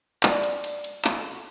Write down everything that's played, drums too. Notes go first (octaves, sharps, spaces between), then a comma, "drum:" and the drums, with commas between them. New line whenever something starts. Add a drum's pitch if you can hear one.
D4, drum: clap
drum: cymbal
drum: cymbal
drum: cymbal
drum: clap
A4
F#4